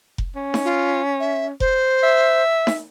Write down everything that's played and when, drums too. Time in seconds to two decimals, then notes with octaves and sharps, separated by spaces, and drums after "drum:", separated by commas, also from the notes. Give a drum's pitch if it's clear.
0.18 drum: kick F1
0.36 C#4
0.54 drum: snare D#4
0.65 F4
1.20 E5
1.60 C5, drum: kick F1
2.03 E5
2.67 drum: snare D#4